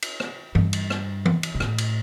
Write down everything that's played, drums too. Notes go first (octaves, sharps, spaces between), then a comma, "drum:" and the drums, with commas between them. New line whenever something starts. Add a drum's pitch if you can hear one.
drum: cymbal
drum: rim click
G2, drum: tom E3
drum: cymbal
drum: rim click
drum: tom E3
drum: cymbal
A#2
A2, drum: rim click
drum: cymbal